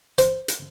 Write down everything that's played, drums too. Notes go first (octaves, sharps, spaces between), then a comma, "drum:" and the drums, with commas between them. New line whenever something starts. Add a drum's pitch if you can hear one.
C5, drum: hi-hat
drum: hi-hat